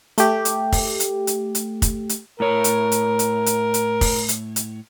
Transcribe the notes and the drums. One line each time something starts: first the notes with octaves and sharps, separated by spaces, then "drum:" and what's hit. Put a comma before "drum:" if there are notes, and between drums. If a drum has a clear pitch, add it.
A3 G4, drum: hi-hat
drum: hi-hat
drum: kick, open hi-hat
drum: hi-hat
drum: hi-hat
drum: hi-hat
drum: kick, hi-hat
drum: hi-hat
A2 A#4 C#5
drum: hi-hat
drum: hi-hat
drum: hi-hat
drum: hi-hat
drum: hi-hat
drum: kick, open hi-hat
drum: hi-hat
drum: hi-hat